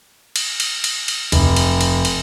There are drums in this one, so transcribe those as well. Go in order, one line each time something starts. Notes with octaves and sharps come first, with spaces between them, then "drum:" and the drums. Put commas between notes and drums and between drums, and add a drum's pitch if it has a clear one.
drum: cymbal
drum: cymbal
drum: cymbal
drum: cymbal
F1, drum: cymbal
drum: cymbal
drum: cymbal
drum: cymbal